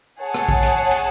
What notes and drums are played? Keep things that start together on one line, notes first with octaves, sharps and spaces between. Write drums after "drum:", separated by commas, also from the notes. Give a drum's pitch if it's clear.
G#4 C#5 F#5 A5
drum: rim click
drum: kick A#1
drum: hi-hat
drum: hi-hat